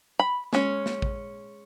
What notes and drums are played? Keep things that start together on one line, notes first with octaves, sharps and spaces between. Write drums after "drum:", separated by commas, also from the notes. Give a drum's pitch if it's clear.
B5
G#3 C#4, drum: snare
drum: snare
drum: kick A1